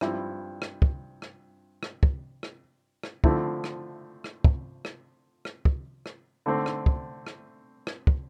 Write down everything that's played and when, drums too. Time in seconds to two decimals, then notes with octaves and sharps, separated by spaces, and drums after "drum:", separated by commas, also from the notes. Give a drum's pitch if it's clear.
0.01 G2 F3 C4 E4, drum: rim click
0.62 drum: rim click
0.82 drum: kick
1.22 drum: rim click
1.83 drum: rim click
2.03 drum: kick
2.43 drum: rim click
3.03 drum: rim click
3.24 D3 F3 A3 C4 E4, drum: kick
3.64 drum: rim click
4.24 drum: rim click
4.44 drum: kick
4.85 drum: rim click
5.45 drum: rim click
5.65 drum: kick
6.06 drum: rim click
6.46 D3 A3 C4
6.66 drum: rim click
6.86 drum: kick
7.27 drum: rim click
7.87 drum: rim click
8.07 drum: kick